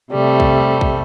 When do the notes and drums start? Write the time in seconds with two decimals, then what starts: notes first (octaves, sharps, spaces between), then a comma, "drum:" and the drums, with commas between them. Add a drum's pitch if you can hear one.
0.12 C3 G3 A3
0.40 drum: kick
0.81 drum: kick